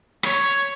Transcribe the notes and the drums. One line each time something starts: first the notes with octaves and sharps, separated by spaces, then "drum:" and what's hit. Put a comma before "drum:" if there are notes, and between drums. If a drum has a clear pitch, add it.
C#5, drum: rim click